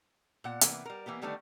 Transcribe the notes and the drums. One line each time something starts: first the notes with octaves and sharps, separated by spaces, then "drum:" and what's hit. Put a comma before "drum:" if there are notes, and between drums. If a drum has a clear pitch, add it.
A#2 F#5
C3 E3 A#3 B4, drum: hi-hat
G3 A#4
E3 A#3 B3 G4
D3 D#3 G3 A3 B3 D4